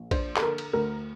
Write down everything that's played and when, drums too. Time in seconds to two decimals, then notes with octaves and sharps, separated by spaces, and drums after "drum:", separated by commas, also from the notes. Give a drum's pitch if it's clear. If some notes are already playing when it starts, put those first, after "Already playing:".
Already playing: A#1
0.11 D4 C5, drum: kick A#1, cymbal
0.36 A4, drum: clap
0.42 D3 A#4
0.58 drum: cymbal
0.73 D2 A#4